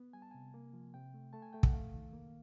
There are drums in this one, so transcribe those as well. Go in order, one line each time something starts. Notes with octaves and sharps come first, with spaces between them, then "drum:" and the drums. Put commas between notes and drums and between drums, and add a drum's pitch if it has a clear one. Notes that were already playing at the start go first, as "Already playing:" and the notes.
Already playing: B3
G3 G#5
A5
C3 G#5
A#3
F3
C3 G5
A3
A3 A5
G#5
A3 G5
F#5, drum: kick
A3 F5
D#3
A#3